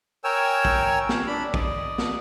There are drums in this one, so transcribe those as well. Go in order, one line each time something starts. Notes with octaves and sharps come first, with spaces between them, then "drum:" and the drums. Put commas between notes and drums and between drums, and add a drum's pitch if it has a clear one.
A#4 C#5 G5 G#5 E6
drum: kick
drum: snare
D4 B5
D5 D#5, drum: kick
drum: snare